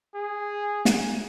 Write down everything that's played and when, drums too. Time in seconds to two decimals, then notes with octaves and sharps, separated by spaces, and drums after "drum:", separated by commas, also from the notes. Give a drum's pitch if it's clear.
0.15 G#4
0.85 drum: snare